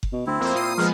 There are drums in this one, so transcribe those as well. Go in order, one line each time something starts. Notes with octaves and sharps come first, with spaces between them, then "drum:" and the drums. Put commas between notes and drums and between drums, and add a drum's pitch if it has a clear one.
drum: kick F#1
B2
D2 C4 E4
F2 A#3 C5
A#2 D#6 C7 D#7
F3 G#3 B3 A#4